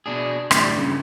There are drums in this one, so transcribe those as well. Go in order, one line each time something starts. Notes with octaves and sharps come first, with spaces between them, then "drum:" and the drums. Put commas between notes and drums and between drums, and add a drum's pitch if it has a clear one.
B2 D4 G#4
A2 D3 E3 F3 G3, drum: rim click
G2 A#2 C#3